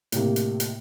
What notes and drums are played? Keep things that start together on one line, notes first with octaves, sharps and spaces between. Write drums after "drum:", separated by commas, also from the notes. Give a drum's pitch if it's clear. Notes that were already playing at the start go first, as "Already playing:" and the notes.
A2 C3 A#3, drum: hi-hat
drum: hi-hat
drum: hi-hat